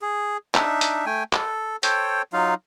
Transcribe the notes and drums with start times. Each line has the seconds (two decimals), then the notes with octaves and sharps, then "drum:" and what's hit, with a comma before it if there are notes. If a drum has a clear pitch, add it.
0.02 G#4
0.55 D4 D#4 E5, drum: clap
0.81 drum: hi-hat
1.06 A3 G5 G#5
1.33 A4, drum: clap
1.83 A4 C5 C#5 G5, drum: hi-hat
2.33 F#3 D#4 F4 F5